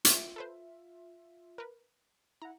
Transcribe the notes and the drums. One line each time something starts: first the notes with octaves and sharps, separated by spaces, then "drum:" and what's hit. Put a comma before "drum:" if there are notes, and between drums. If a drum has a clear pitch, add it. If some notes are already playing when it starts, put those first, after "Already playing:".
F4 E5, drum: hi-hat
A4 B4 C5
A#4 B4
E4 F#5 A#5